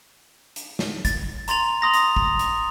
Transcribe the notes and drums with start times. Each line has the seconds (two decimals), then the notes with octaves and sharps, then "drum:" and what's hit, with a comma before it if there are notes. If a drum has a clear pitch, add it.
0.56 drum: hi-hat
0.79 drum: snare
1.05 A6, drum: kick, hi-hat
1.48 A#5 C6 A6 F7, drum: hi-hat
1.82 C6 D#6 A#6
1.94 drum: hi-hat
2.16 drum: kick
2.39 drum: hi-hat